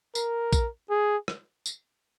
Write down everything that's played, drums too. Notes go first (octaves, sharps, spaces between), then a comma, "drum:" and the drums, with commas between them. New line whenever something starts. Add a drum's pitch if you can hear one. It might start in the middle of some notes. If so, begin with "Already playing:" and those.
A#4, drum: tambourine
drum: kick A#1, tambourine
G#4
drum: rim click
drum: tambourine